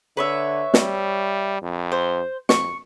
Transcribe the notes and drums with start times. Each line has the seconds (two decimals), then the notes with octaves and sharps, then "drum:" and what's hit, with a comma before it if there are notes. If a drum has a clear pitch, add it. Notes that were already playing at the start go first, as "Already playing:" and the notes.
0.17 D3 B4 C#5 E5
0.74 G3, drum: snare
1.62 F2
1.92 C5
2.49 F2 C#6, drum: snare